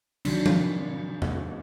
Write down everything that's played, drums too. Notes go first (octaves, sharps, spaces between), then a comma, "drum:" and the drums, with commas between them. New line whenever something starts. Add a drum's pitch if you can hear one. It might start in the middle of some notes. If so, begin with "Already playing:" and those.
D#3 F#3 D4, drum: cymbal
drum: tom F3
drum: tom E2